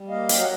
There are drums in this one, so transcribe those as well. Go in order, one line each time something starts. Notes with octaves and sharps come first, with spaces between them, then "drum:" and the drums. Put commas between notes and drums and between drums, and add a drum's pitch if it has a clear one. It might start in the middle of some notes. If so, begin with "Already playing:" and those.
Already playing: G3
A#3 D#5 F5
F#3 G5, drum: hi-hat
F#5